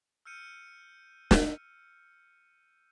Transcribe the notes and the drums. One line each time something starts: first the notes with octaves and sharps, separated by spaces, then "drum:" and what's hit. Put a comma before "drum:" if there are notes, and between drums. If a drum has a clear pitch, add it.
E6 F6 G6 C#7 D#7
drum: snare